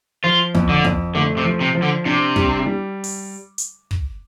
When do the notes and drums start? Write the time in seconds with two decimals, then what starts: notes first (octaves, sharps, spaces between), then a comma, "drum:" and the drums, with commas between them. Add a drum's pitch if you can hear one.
0.24 F3 F4
0.55 F2, drum: kick
0.69 D3
0.84 F2, drum: kick
1.15 D3 A3
1.37 C3
1.45 F3
1.60 C3
1.75 F3
1.82 D3
2.05 C3 D4
2.36 G3, drum: kick
2.66 G3
3.04 drum: open hi-hat
3.58 drum: hi-hat
3.91 drum: kick